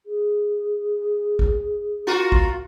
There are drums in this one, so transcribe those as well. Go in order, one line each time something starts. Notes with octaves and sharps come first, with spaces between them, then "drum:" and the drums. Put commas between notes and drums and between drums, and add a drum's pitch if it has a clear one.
G#4
drum: kick
F4 F#4 A#4
drum: kick